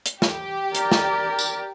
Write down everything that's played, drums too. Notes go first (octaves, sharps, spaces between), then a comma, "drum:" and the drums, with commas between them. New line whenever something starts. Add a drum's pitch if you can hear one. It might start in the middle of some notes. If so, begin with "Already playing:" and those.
drum: hi-hat
G4, drum: snare
A#4 D5, drum: hi-hat
drum: snare
drum: tambourine